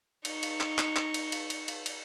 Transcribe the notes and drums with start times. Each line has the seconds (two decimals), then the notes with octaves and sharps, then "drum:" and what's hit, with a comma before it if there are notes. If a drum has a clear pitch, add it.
0.25 D#4 C#6, drum: cymbal
0.43 drum: cymbal
0.61 drum: clap
0.79 drum: clap
0.96 drum: clap
1.14 drum: cymbal
1.32 drum: cymbal
1.50 drum: cymbal
1.68 drum: cymbal
1.86 drum: cymbal